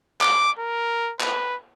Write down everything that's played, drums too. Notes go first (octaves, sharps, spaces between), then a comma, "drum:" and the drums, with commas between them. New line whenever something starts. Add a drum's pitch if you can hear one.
D6, drum: clap
A#4
B4, drum: clap